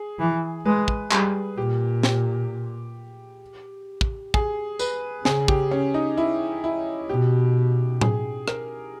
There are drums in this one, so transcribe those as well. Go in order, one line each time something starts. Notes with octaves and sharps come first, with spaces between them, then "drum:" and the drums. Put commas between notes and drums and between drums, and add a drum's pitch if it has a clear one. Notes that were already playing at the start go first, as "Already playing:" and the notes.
Already playing: G#4
E3
G#3 B4
drum: kick
G3 G#4, drum: clap
A#2 G4
G4, drum: snare
drum: kick
G#4, drum: kick
B4, drum: tambourine
C#3 G#4, drum: snare
G4, drum: kick
C#4
D#4
E4
E4
B2 G4
G#4, drum: tom A2
A#4, drum: rim click